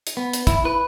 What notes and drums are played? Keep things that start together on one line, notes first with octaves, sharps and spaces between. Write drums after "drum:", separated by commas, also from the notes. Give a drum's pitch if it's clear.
drum: hi-hat
B3
drum: hi-hat
E4, drum: kick, hi-hat
B4